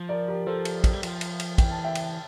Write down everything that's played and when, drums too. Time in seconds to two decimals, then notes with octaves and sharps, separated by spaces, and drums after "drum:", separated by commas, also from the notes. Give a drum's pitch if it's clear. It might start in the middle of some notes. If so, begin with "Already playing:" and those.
Already playing: F3
0.09 A#4 D5
0.28 G4 A#4
0.46 F3 A4 C5
0.65 drum: cymbal
0.84 drum: kick, cymbal
0.93 G3
1.03 F3, drum: cymbal
1.21 drum: cymbal
1.40 drum: cymbal
1.58 E3 G5, drum: kick, cymbal
1.71 A5
1.84 E5 G5
1.95 drum: cymbal